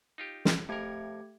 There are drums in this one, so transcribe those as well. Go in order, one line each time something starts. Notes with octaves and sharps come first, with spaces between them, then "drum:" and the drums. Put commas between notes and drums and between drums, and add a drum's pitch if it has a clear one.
D#4 F4 G4
drum: snare
F2 A3 G4 A#4 G#6